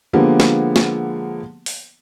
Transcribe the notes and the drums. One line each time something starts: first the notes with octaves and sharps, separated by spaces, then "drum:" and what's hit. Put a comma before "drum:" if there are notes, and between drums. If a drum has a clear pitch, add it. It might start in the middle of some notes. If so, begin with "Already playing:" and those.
D3 F3 G#3 A#3 B3 G4
drum: snare
drum: snare
drum: open hi-hat